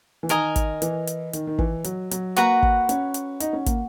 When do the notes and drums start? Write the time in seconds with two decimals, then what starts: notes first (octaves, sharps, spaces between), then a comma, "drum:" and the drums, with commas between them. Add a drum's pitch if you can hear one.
0.23 E3
0.29 D#3 A#4 D#5 G#5, drum: hi-hat
0.56 drum: kick, hi-hat
0.82 E3, drum: hi-hat
1.07 drum: hi-hat
1.33 D#3, drum: hi-hat
1.47 D#3
1.58 E3, drum: kick
1.84 F#3, drum: hi-hat
2.11 F#3, drum: hi-hat
2.36 A#3 F#4 B4 F#5 A#5, drum: hi-hat
2.63 drum: kick
2.89 C#4, drum: hi-hat
3.14 drum: hi-hat
3.40 D#4, drum: hi-hat
3.53 C#4
3.66 A#3, drum: kick, hi-hat